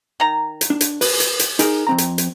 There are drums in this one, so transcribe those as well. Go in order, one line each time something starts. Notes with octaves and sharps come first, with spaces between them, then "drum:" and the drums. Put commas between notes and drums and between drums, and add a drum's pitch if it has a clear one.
D#3 A#5
drum: hi-hat
D4
drum: hi-hat
B4, drum: open hi-hat
drum: hi-hat
drum: hi-hat
D#4 G#4 A#4, drum: hi-hat
F2 C4 A#5
drum: hi-hat
drum: hi-hat